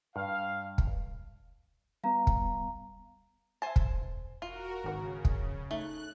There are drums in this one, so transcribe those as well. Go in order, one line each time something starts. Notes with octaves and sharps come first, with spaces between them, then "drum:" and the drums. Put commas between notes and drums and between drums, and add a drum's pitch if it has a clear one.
G2 F5
drum: kick
G3 B3 F5 A#5
drum: kick
C5 E5 G#5 A5
drum: kick
E1
F4 F#4 A#4
G#1 C#3 F#4 A#4
F2, drum: kick
A3 D#4 F#6